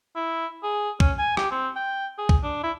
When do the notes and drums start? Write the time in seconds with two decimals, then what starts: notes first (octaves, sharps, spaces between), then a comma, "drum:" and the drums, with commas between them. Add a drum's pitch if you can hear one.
0.16 E4
0.63 G#4
1.00 C#4, drum: kick
1.19 G#5
1.37 G4, drum: rim click
1.51 C4
1.76 G5
2.18 G#4
2.29 drum: kick
2.44 D4
2.64 E4